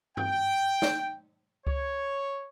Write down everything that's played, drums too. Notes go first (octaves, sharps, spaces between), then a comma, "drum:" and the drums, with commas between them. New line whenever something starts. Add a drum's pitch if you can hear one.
G5, drum: tom G2
drum: snare
C#5, drum: kick C#2